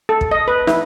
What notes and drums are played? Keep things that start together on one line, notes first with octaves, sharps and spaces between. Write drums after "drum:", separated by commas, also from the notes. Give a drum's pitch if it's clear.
A4
drum: kick
D#5
B4
E4, drum: snare